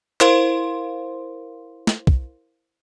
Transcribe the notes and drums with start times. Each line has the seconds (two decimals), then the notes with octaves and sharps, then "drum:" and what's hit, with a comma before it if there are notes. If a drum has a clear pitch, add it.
0.21 E4 A#4 C5 F5 C6, drum: clap
1.87 drum: snare
2.07 drum: kick